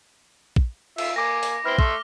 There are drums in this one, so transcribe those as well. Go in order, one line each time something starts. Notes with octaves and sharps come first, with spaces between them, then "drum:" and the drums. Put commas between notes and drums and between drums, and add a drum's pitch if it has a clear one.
drum: kick
F4 E5, drum: cymbal
A#3 G#5 D6 A#6
drum: open hi-hat
C4 E4 B4 F6 G7
A3 E5 C6, drum: kick